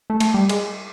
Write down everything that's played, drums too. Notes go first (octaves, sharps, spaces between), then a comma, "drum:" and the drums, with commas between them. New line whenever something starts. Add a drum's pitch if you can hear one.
A3
A3, drum: cymbal
G3
G#3, drum: cymbal